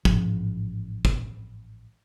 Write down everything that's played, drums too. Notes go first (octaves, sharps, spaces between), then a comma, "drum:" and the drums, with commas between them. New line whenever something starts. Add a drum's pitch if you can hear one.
A1 G#2 F3, drum: kick
drum: kick